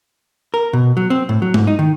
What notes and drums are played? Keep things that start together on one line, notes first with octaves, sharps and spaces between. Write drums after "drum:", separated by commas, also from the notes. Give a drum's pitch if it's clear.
A#4
B2
F#3
C4
A2
F#3
G#2, drum: tom G#3
D#4
D#3